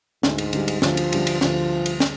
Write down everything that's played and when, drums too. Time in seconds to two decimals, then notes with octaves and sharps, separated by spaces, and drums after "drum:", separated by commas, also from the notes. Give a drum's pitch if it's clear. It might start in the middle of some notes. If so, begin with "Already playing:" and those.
0.23 D2 G#2, drum: snare
0.38 drum: cymbal
0.53 D3 G3, drum: cymbal
0.68 drum: cymbal
0.82 D2 F3, drum: snare
0.97 drum: cymbal
1.13 D3 G3, drum: cymbal
1.27 drum: cymbal
1.41 D2 F3, drum: snare
1.86 drum: cymbal
2.00 drum: snare